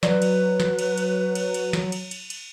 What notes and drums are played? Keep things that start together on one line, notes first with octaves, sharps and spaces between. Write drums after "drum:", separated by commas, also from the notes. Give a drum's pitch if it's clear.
F#3 B4 D5, drum: snare
drum: cymbal
drum: snare
drum: cymbal
drum: cymbal
drum: cymbal
drum: cymbal
drum: snare
drum: cymbal
drum: cymbal
drum: cymbal